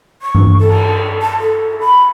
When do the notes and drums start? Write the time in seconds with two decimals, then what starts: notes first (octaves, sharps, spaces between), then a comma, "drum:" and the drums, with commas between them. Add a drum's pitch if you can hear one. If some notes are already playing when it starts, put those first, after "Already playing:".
0.22 C#6
0.35 drum: tom G2
0.58 A4
0.68 drum: cymbal
1.22 A5
1.40 A4
1.80 B5